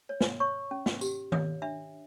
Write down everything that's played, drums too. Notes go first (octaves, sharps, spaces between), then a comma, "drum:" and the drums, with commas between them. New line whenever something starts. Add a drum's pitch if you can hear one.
C#5
drum: snare
C#5 C#6
C#4
drum: snare
G4, drum: tambourine
C#5, drum: tom D#3
D4 E5